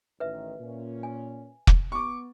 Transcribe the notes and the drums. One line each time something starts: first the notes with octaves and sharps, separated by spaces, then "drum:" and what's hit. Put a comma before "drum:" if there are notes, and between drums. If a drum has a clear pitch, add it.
A1 D#3 B4 E5
A#2 C#4
G#5
drum: kick
B3 C#6 D6